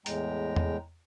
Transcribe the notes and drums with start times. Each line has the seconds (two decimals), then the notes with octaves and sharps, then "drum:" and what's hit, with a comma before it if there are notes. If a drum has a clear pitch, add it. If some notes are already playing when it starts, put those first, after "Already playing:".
0.06 E2 A2 G#3 G5 A#5, drum: hi-hat
0.56 drum: tom E2